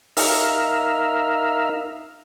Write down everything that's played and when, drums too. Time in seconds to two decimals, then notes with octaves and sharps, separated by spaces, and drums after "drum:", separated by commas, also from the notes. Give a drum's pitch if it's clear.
0.17 D#4 A#4 E5 F5, drum: open hi-hat